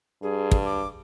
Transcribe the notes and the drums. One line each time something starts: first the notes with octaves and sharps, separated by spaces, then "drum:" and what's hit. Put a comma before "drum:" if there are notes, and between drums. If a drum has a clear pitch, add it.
G2 G#4
drum: kick
D6